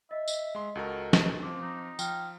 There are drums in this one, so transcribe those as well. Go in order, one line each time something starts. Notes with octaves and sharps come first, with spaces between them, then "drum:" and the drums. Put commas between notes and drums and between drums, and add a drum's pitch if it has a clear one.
D#5 E5
drum: tambourine
G#3 C6
C#2 F#4 A4 A#4
drum: snare
F3 C4 D6
D#4
F3 G5 F6, drum: tambourine